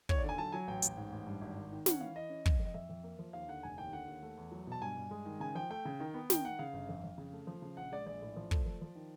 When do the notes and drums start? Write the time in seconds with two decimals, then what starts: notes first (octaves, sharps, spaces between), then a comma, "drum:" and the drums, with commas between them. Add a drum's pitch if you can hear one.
0.09 D#2 C#5, drum: kick
0.18 D5
0.23 D3
0.29 G#5
0.38 F#3 A5
0.52 F#3 G#5
0.67 A1 G5
0.82 A1, drum: hi-hat
0.97 G#2
1.12 A1
1.27 G2
1.41 G#1
1.57 D#3
1.72 D#3
1.86 C#4 F#5, drum: snare
2.01 E3 F5
2.15 E3 D#5
2.30 C#4
2.46 F2, drum: kick
2.59 F2
2.66 D#5
2.74 F2 E5
2.89 F2
3.04 A#3
3.19 F3
3.33 D#2 F5
3.48 D3 F#5
3.63 F1 G#5
3.78 D#2 G5
3.93 D3 F#5
4.08 D#2
4.23 A3
4.37 E2
4.52 F#3
4.67 B2 A5
4.81 G2 G#5
4.97 G2
5.11 G#3
5.25 D#3
5.40 C#3 G#5
5.55 F3 G5
5.70 A3 G5
5.85 C#3
6.00 D#3
6.14 B3
6.30 D#3 G5, drum: snare
6.45 D#3 F#5
6.59 C#3 F5
6.73 G1
6.89 F2
7.04 F2
7.18 C#3
7.33 A3
7.47 F3
7.62 C#3
7.77 A#1 F#5
7.92 G#3 D5
8.06 A#1 D5
8.22 A2
8.36 F3
8.51 A3, drum: kick
8.66 F3
8.81 F3
8.95 D#3